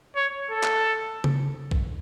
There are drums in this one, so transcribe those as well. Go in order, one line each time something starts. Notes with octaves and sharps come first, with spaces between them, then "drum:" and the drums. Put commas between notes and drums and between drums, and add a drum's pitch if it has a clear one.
C#5
A4
drum: clap
drum: tom C#3
drum: kick A#1